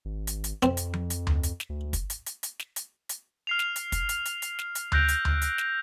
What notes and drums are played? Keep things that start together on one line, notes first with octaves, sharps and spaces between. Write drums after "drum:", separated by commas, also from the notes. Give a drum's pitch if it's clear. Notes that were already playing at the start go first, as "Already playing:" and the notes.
G#1
drum: hi-hat
drum: hi-hat
F2 C4, drum: snare
drum: hi-hat
drum: tom F3
drum: hi-hat
drum: tom D2
drum: hi-hat
drum: snare
D2
drum: kick, hi-hat
drum: hi-hat
drum: hi-hat
drum: hi-hat
drum: snare
drum: hi-hat
drum: hi-hat
F6 C7 F7
drum: snare
drum: hi-hat
drum: kick, hi-hat
drum: hi-hat
drum: hi-hat
drum: hi-hat
drum: snare
drum: hi-hat
E6 F#6 G6 A#6 D7 F7, drum: tom D2
drum: hi-hat
drum: tom D2
drum: hi-hat
drum: snare